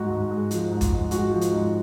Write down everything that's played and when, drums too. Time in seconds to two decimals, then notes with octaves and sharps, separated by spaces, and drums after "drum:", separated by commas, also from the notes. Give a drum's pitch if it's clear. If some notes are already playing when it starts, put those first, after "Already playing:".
Already playing: G#2 F#4
0.11 G#2
0.31 G#3
0.51 F3, drum: hi-hat
0.71 G#2
0.81 drum: kick, hi-hat
0.91 G#2
1.11 G#3 F#4, drum: hi-hat
1.31 F3
1.41 drum: hi-hat
1.51 G#2